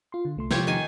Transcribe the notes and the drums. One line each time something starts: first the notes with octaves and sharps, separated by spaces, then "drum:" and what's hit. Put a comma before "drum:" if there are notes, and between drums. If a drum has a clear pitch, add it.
F4 C6
D3
C2 A3 C6
C3 F3 F4 G4 C#5, drum: snare
D#3 G#5